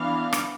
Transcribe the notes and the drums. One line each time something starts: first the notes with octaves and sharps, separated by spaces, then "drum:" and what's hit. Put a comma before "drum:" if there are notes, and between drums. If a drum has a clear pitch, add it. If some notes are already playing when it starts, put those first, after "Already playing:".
Already playing: E3 B3 D4 F5
drum: rim click